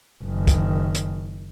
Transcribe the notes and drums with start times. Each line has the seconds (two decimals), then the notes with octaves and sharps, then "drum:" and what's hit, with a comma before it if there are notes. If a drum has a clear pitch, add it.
0.24 F#1 D#3
0.47 drum: kick, hi-hat
0.95 drum: hi-hat